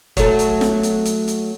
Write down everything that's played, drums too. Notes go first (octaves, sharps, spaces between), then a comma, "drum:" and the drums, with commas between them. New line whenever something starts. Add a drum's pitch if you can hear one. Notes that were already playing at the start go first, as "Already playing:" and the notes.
F#3 A3, drum: kick, hi-hat
drum: hi-hat
drum: snare
drum: hi-hat
drum: hi-hat
drum: hi-hat